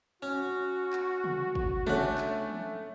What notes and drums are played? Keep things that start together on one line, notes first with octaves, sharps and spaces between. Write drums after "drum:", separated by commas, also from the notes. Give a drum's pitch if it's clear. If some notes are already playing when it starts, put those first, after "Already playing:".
C#4 F#4
drum: clap
drum: tom C3
drum: kick
A3 C#4 D4 F#5, drum: tom C3
drum: clap
drum: tom E3